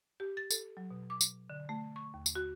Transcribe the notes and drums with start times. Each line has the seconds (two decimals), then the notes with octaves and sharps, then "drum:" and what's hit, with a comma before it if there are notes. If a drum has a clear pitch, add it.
0.20 G4
0.37 A6
0.51 A4, drum: tambourine
0.77 F#3
0.91 B2
1.10 D6
1.21 drum: tambourine
1.50 D3
1.69 A3
1.96 C#6
2.14 D#2
2.26 drum: tambourine
2.35 F#4